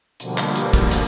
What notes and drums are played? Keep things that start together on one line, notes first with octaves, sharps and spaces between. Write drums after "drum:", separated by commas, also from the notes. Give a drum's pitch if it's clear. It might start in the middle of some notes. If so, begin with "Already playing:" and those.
B2 D3 F3 G3 A#3, drum: hi-hat
drum: clap
drum: hi-hat
drum: kick, hi-hat
drum: hi-hat